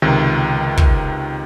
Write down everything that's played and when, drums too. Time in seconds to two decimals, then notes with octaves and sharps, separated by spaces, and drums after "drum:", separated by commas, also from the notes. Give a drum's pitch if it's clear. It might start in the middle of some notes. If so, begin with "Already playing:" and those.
0.02 C#2 C3 D#3
0.77 drum: kick